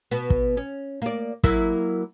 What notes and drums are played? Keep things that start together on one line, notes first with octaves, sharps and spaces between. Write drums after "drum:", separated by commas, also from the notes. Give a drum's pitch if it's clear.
B2 B3
drum: kick
C#4
A#3 D5
F#3 A#3 E4, drum: kick